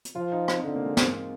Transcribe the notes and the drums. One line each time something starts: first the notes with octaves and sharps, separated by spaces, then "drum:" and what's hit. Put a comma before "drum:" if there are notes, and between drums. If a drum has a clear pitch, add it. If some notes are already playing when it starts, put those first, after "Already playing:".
drum: hi-hat
F3 F4
D#4
C4, drum: rim click
D3 C4
A#3
G#3
A#3, drum: snare